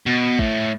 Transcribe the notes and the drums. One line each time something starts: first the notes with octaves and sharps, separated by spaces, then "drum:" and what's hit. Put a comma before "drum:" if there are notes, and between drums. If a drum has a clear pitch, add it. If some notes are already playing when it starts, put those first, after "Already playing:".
B2
A2, drum: kick